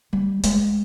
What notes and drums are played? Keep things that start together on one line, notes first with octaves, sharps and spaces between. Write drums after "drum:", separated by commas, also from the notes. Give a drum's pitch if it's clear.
G3
G#3, drum: hi-hat